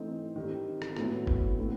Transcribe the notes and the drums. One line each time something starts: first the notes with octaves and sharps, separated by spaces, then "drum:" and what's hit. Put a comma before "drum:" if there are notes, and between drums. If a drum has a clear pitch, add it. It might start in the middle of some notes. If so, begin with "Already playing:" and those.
Already playing: E3 A3 C4 D#4
D#3 G3 C4
drum: rim click
A2 F#3 B3 E4, drum: rim click
drum: kick G1
A2 F#3 C4